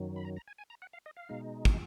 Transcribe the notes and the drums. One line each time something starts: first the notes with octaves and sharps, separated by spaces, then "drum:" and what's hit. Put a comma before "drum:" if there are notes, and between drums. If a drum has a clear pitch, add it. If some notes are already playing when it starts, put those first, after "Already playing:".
Already playing: F#2 D#3 F#3
B5
A#5
A#5
G#5
G#5
A#5
F#5
F5
D#5
F5
B2 G#3 D#4
drum: kick